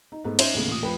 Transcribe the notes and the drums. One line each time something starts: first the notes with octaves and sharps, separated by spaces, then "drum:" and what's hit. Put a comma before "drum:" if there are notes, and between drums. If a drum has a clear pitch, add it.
D#4
G#2 A3 B3 D#4
C#4 D#4 C5 E5, drum: cymbal
D#2 A2 C#3 G#3 A3 B3
A1 A#2 D#6
F1 F3 B4 G5 B5